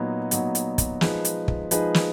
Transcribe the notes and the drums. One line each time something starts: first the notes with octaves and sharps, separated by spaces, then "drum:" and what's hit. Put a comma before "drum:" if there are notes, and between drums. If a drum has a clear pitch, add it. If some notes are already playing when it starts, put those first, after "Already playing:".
Already playing: A#2 F#3 B3 D#4
A#2 F#3 B3 D#4, drum: hi-hat
drum: hi-hat
drum: kick, hi-hat
F3 G#3 D#4 G#4 B4, drum: snare
drum: hi-hat
drum: kick
F3 G#3 D#4 G#4 B4, drum: hi-hat
drum: snare